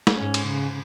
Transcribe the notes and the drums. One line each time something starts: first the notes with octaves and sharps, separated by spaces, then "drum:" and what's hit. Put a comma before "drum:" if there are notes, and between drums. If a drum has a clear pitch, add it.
drum: snare
G#2 C#4
drum: cymbal
C#3